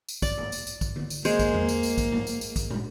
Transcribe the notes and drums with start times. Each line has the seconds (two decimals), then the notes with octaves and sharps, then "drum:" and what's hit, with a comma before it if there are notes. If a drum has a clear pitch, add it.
0.09 drum: tambourine
0.22 D5, drum: kick, tambourine
0.38 drum: tom
0.52 drum: tambourine
0.67 drum: tambourine
0.81 drum: kick, tambourine
0.96 drum: tom D3
1.10 drum: tambourine
1.25 G#3 A#3 G#4 C5, drum: tambourine
1.39 drum: kick, tambourine
1.54 drum: tom E2
1.69 drum: tambourine
1.83 drum: tambourine
1.98 drum: kick, tambourine
2.12 drum: tom
2.27 drum: tambourine
2.41 drum: tambourine
2.56 drum: kick, tambourine
2.70 drum: tom